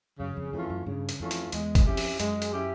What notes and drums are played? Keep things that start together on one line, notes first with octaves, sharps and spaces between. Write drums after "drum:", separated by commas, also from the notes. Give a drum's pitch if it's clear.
F#2 C#3
F2
F2 E3 A3 C#4 F4
F#2
G2 C#3
drum: hi-hat
F2 E3 A3 C#4 F4
drum: hi-hat
E2 G#3, drum: hi-hat
drum: kick G1, hi-hat
F2 C#4 E4 G4
drum: open hi-hat
F#2 G#3, drum: hi-hat
drum: hi-hat
C#4 E4 G4